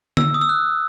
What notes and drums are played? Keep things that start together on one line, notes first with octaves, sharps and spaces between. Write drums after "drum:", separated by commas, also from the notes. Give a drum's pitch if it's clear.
E6, drum: tom D3
D#6
E6
F#6